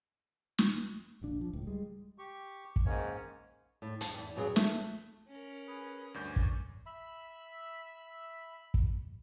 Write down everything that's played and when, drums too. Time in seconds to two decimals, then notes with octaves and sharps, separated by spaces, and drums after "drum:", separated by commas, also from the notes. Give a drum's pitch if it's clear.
0.58 drum: snare
1.22 D1 A#1 D4
1.41 F3
1.53 C#2 A2
1.67 G3 G#3
2.18 G4 C#6
2.76 drum: kick
2.85 G#2 D#3 A#3 C#4 C#5
3.82 A2
4.01 A5, drum: hi-hat
4.13 E2 G2
4.36 F2 B2 F#3 F4 G#4
4.56 A3, drum: snare
5.28 C#4 A#4
5.67 G#4 B4
6.14 D2 G2 C#5 D5 G#5 G6
6.36 drum: kick
6.86 E5 B5
8.74 drum: kick